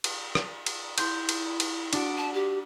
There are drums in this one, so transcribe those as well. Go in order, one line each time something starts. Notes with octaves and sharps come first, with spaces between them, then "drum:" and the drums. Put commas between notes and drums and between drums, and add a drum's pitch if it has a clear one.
drum: cymbal
drum: rim click
drum: cymbal
E4 C6 G6, drum: cymbal
drum: cymbal
drum: cymbal
D4 F#4 D7, drum: cymbal
A5
G4